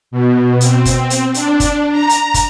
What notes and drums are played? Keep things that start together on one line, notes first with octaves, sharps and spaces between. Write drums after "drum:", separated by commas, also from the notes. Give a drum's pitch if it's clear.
B2
C4, drum: hi-hat
drum: kick, hi-hat
drum: hi-hat
D4, drum: hi-hat
drum: kick, hi-hat
A#5
drum: hi-hat
drum: kick, hi-hat